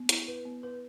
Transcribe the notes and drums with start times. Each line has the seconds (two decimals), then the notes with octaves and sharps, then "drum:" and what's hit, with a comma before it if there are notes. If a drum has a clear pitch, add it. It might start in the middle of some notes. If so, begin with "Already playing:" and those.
Already playing: B3
0.09 E4, drum: hi-hat
0.28 B4
0.45 B3
0.63 B4